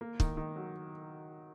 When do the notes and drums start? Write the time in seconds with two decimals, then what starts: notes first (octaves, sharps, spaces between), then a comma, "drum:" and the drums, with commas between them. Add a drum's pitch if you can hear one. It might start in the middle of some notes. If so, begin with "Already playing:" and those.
0.01 A#3
0.20 D#3, drum: kick
0.37 D#3
0.56 F#3